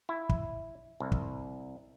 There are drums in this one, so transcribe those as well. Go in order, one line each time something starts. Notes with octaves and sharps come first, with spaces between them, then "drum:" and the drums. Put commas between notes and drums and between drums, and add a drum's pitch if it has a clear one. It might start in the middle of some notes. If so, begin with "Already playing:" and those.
E4
drum: kick
C2
drum: kick